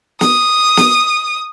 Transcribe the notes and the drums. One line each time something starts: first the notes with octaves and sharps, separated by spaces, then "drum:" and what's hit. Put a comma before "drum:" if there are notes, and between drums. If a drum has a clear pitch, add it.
D#6, drum: snare
drum: snare